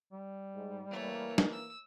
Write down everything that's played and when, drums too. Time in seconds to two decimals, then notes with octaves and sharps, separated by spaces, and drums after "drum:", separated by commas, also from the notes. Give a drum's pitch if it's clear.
0.13 G3
0.55 G#2
0.91 E3 A3 A#3 C#5
1.38 drum: snare
1.52 E6